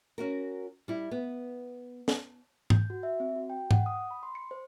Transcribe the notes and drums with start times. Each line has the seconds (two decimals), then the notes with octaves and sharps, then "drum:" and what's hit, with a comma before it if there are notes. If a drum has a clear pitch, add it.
0.18 C#4 F#4 A#4
0.88 G3 E4
1.11 B3
2.08 drum: snare
2.70 G6, drum: tom G#2
2.90 F#4
3.03 E5
3.20 C4
3.36 F#4
3.50 G5
3.71 F#5, drum: tom G#2
3.86 D#6
4.11 B5
4.23 C6
4.35 C#7
4.51 C5